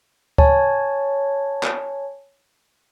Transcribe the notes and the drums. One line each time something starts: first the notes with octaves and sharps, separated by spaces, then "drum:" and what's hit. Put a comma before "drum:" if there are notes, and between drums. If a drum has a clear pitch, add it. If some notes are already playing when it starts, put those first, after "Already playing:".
C#5 G#5 A5, drum: kick C#2
drum: clap